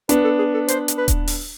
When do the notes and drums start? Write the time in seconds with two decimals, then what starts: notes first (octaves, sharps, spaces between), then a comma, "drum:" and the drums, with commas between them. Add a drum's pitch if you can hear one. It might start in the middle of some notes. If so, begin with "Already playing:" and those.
0.09 B3 D4 B4, drum: hi-hat
0.24 A4
0.39 G#4
0.54 A4
0.68 C5, drum: hi-hat
0.88 drum: hi-hat
0.98 B4
1.08 drum: kick D#1, hi-hat
1.27 drum: open hi-hat